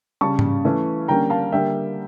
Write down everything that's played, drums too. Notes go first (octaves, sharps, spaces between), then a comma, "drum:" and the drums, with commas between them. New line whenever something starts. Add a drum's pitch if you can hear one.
C#3 G3 C#4 A5 C#6
drum: tom G#2
E3 A3 C#4
D3 G3 A#3 C#4 G5 A#5
F5 A5
D3 G3 A#3 E5 G5